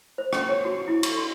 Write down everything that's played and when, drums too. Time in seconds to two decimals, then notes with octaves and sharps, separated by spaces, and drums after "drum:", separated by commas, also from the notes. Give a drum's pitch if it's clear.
0.18 C5
0.33 C#4, drum: rim click
0.49 C#5
0.65 F#4
0.88 E4
1.03 C#6, drum: cymbal
1.17 C6